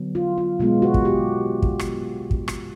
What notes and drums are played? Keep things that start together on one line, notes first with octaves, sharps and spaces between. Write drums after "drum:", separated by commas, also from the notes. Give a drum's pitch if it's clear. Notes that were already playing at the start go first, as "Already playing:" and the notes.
Already playing: D3 F#3 B3
F4
F4
B2 G#3 B3 F4
F#4
drum: kick
G4
drum: kick
drum: rim click
drum: kick
drum: rim click